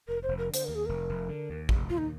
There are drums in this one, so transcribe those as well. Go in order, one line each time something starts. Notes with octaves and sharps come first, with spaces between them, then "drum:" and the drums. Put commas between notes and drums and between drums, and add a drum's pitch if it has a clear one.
F1 A#4
C5
F1
A#4
D3
C5, drum: hi-hat
D#2 A#4
G#4
F1 A#4
F1
D3
D#2
F1, drum: kick
D#2 F4
D#4